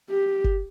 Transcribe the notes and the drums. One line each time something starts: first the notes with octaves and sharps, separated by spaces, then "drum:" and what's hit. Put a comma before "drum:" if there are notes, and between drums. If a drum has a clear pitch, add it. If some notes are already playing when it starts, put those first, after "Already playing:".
G4
drum: kick F#1